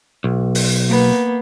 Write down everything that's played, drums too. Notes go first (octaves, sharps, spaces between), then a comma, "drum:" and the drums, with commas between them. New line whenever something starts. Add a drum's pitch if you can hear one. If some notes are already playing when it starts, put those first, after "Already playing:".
B1
drum: open hi-hat
A#3 B3